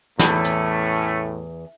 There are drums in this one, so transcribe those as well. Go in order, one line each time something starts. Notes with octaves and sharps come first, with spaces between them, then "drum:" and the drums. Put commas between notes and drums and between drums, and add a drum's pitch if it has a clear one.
E2 A2 A3 C#4, drum: snare
drum: hi-hat